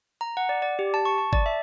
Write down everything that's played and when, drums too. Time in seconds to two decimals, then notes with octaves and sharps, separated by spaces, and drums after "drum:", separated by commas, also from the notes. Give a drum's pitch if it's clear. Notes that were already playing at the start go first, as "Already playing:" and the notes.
0.21 A#5
0.37 F#5
0.49 D5
0.62 D5
0.79 G4
0.94 A5
1.05 C#6
1.18 A5
1.33 D5, drum: kick G1
1.46 E5